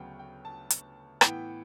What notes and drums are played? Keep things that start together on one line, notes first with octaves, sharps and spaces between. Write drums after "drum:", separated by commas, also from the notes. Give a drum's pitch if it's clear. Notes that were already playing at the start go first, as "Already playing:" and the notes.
Already playing: D2 C#3 F#3 B3 G5
G5
A5
drum: hi-hat
A2 E3 B3 G5, drum: rim click